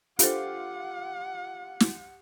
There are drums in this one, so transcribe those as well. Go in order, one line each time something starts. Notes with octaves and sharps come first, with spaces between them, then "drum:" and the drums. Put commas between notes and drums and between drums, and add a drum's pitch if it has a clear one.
D4 F4 G4 A4 C5 F#5, drum: hi-hat
drum: snare